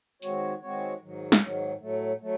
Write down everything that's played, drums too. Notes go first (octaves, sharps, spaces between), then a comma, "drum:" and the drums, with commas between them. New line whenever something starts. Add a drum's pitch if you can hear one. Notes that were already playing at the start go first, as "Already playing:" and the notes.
D#3 G#3 C4 F#4 C#5, drum: tambourine
D#3 G#3 C4 F#4 C#5
G#2 D#3 F#3
drum: snare
G#2 D#3 F#3
A2 F#3 A3
F#3 A3